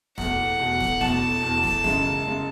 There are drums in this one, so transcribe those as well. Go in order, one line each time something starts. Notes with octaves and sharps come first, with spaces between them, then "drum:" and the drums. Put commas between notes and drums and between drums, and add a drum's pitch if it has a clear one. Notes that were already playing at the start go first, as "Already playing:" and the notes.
E2 B2 A3 F#5, drum: snare
E2 B2 A3
drum: snare
E2 B2 A3 A5, drum: snare
E2 B2 A3
drum: snare
F#2 C#3 G#3, drum: snare
C#3 G#3